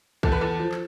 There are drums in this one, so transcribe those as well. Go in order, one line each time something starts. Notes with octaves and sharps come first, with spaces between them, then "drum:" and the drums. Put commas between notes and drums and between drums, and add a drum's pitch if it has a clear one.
E2 A4, drum: kick B1
B4
E2 A4
F3
drum: clap